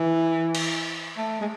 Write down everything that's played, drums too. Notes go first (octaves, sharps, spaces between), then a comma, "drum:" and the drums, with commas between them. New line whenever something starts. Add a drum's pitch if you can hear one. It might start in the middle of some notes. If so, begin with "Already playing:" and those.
Already playing: E3
drum: cymbal
A3
G#3